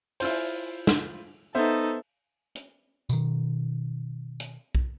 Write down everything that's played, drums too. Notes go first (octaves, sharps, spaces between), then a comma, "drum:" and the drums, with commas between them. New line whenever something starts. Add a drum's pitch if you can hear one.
E4 F4 C5, drum: open hi-hat
drum: snare
B3 D#4 A4 C5 E5
drum: hi-hat
B2 D#3, drum: tambourine
drum: hi-hat
drum: kick B1